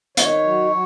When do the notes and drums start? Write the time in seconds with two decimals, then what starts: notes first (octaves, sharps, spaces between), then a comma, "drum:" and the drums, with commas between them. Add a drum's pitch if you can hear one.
0.17 D#3 C#5, drum: hi-hat
0.44 F#3
0.70 F#3